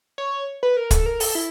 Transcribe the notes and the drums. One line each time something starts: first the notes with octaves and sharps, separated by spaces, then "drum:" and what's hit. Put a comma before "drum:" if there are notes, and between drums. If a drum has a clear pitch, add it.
C#5
B4
A#4
A4, drum: kick, hi-hat
A#4
A4, drum: open hi-hat
E4